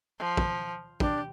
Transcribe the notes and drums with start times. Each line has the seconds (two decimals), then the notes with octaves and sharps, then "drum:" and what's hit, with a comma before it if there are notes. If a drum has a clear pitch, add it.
0.19 F3
0.37 drum: kick
1.00 D4 G4, drum: kick